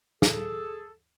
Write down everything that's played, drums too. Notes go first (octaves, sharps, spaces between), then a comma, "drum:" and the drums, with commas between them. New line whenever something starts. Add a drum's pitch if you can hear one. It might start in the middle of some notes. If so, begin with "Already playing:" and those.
G#4 A4, drum: snare